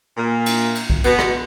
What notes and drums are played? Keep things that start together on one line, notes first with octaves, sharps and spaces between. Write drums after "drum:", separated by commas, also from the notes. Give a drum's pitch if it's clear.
A#2 A#3
drum: cymbal
drum: cymbal
drum: kick B1
B2 B3, drum: cymbal
drum: rim click